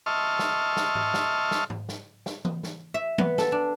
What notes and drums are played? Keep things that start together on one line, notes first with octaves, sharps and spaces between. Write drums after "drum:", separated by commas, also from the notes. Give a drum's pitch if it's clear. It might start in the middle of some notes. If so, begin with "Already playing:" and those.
D#5 E5 A5 C6 C#6 F6
drum: snare
drum: snare
drum: tom G#2
drum: snare
drum: snare
drum: tom G#2
drum: snare
drum: snare
drum: tom E3
drum: snare
E5
B3, drum: tom
A4, drum: snare
D4